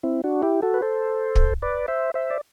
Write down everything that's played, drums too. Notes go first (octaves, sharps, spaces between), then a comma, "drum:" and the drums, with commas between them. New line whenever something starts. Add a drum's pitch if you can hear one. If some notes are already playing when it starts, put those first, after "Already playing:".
C4 E4
D4 F#4
E4 G4
F#4 A4
B4
A4 C5
drum: kick
B4 D5
C5 E5
C5 E5
D5